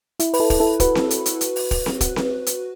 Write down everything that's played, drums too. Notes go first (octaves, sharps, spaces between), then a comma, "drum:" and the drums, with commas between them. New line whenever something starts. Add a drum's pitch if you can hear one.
E4, drum: hi-hat
B4, drum: open hi-hat
E4 A4
drum: kick, open hi-hat
E4 A4
F#4 B4, drum: kick, hi-hat
drum: snare C4
drum: hi-hat
drum: hi-hat
drum: hi-hat
drum: open hi-hat
drum: kick, open hi-hat
drum: snare C4
F#4, drum: kick, hi-hat
drum: snare C4
drum: hi-hat